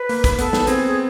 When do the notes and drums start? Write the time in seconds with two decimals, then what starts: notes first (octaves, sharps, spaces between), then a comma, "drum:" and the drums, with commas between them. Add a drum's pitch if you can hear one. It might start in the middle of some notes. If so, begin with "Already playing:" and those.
Already playing: B4
0.09 A#3, drum: open hi-hat
0.24 drum: kick, hi-hat
0.39 B3 A4, drum: hi-hat
0.53 B3, drum: snare
0.67 C4 G#4, drum: hi-hat
0.87 G#4